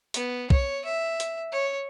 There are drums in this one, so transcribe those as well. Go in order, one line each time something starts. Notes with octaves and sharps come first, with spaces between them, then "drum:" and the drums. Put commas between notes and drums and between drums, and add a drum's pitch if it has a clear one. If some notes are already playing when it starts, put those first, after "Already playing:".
B3, drum: hi-hat
C#5, drum: kick
E5
drum: hi-hat
C#5